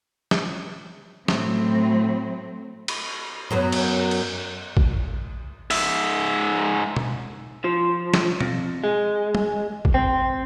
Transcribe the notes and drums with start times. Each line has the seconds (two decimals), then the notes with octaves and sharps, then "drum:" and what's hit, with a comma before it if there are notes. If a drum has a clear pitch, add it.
0.31 drum: snare
1.28 A2 F#3 A3 C4, drum: snare
2.88 drum: cymbal
3.51 F#2 F#3 B3
3.72 drum: cymbal
4.11 drum: cymbal
4.77 drum: kick A1
5.71 G#2 E5, drum: open hi-hat
6.96 drum: tom
7.64 F3
8.14 drum: snare
8.41 F2, drum: tom
8.84 G#3
9.35 drum: tom
9.85 drum: kick A1
9.94 C4